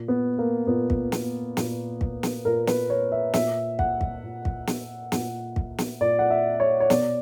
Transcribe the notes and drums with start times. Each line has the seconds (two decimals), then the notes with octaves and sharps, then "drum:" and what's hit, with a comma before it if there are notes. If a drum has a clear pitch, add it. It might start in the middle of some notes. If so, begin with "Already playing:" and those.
Already playing: A#2
0.08 B3
0.38 A#3
0.67 A#2 B3
0.90 drum: kick
1.12 drum: snare
1.57 A#2, drum: snare
2.01 drum: kick
2.23 drum: snare
2.45 A#2 A#4
2.67 B4, drum: snare
2.90 C#5
3.12 E5
3.34 A#2 E5, drum: snare
3.79 F#5, drum: kick
4.01 drum: kick
4.23 A#2
4.45 drum: kick
4.67 drum: snare
5.12 A#2, drum: snare
5.56 drum: kick
5.78 drum: snare
6.01 A#2 D5
6.19 F#5
6.30 E5
6.60 C#5
6.80 C#5
6.90 B2 D5, drum: snare